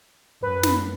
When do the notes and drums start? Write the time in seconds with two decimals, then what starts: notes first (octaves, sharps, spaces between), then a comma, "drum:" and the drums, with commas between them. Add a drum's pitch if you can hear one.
0.43 F#2 B4
0.63 drum: snare